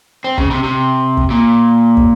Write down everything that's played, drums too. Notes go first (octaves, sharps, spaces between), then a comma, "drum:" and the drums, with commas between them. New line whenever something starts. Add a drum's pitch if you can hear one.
C4
C#3, drum: kick
C3
C3
drum: kick
A#2
drum: kick